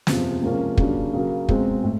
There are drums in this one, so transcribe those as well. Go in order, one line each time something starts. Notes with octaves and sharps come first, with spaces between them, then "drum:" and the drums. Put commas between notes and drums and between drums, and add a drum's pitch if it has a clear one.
F#1 E2 C3 F3, drum: snare
C#2 C3 F3 A#3 C#4
D#2 C#3 F#3 A#3 D4, drum: kick
C#3 F#3 A#3
C#2 B2 G#3 C4, drum: kick
A2